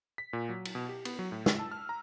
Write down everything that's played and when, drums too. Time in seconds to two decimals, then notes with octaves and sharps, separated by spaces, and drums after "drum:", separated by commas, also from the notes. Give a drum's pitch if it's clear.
0.18 B6
0.33 A#2
0.49 F#3
0.65 drum: cymbal
0.75 B2
0.89 G4
1.05 B3, drum: cymbal
1.19 F#3
1.32 A2
1.46 E6, drum: snare
1.59 A5
1.72 F6
1.89 A#5